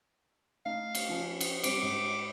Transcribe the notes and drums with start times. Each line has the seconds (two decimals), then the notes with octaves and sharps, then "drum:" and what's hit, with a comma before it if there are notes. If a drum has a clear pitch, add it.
0.66 A3 D#4 F5
0.95 drum: cymbal
1.09 F3 C#4
1.41 drum: cymbal
1.63 G3 C4 C5 D6, drum: cymbal
1.83 G#2